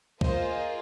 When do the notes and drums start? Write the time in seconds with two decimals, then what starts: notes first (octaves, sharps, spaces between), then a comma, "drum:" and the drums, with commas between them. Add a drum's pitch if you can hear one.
0.21 A#3 F4 G#4 C5 D#5, drum: kick